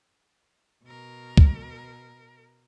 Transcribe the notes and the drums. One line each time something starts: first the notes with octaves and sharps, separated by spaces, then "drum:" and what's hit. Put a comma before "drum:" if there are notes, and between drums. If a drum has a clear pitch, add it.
B2 A#4
drum: kick C#2